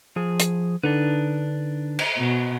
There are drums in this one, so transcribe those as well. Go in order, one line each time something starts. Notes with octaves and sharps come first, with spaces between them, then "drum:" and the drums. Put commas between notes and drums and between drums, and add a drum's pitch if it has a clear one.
F3 G#4
drum: hi-hat
D3 D4 D#4 B4
drum: cymbal
B2